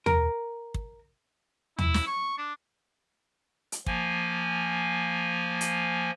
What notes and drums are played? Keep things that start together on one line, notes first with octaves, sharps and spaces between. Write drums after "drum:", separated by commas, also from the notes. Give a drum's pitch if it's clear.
A#4, drum: tom
drum: kick
E4, drum: tom
drum: snare
C#6
D4
drum: hi-hat
F3 A#3 G#5, drum: kick
drum: hi-hat